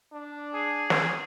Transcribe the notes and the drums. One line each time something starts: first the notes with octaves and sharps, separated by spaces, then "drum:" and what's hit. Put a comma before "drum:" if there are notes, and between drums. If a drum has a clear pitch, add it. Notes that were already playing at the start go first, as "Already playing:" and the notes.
D4
G#4
drum: snare